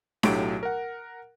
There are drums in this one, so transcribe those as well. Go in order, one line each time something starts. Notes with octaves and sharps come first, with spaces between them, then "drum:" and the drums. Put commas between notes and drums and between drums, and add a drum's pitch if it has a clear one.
B1 A2 F#3 G4 A4 D7, drum: snare D4
A#4 F#5